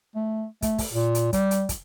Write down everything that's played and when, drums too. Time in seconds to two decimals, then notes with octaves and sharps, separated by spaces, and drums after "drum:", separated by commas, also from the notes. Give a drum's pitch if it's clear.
0.15 A3
0.62 A3, drum: kick, hi-hat
0.78 drum: kick, open hi-hat
0.93 A#2
1.15 drum: hi-hat
1.33 G3, drum: kick, hi-hat
1.51 drum: hi-hat
1.69 drum: kick, hi-hat